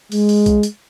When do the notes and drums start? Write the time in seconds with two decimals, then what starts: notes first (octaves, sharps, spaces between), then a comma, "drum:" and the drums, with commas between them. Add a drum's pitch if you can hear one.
0.12 G#3, drum: open hi-hat
0.29 drum: open hi-hat
0.46 drum: kick B1, hi-hat
0.63 drum: hi-hat